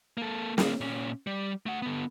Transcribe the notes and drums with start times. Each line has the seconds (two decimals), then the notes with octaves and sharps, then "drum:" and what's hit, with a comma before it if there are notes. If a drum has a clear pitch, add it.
0.17 A#3 A4
0.58 D3 A#3, drum: snare
0.81 A#2 C#4
1.27 G3
1.66 A3 F#5
1.82 D3 B3